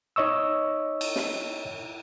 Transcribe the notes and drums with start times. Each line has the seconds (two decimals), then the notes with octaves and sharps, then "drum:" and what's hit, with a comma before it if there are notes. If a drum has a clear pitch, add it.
0.16 D#4 C#5 D#5 C#6 E6
1.01 drum: cymbal
1.16 drum: snare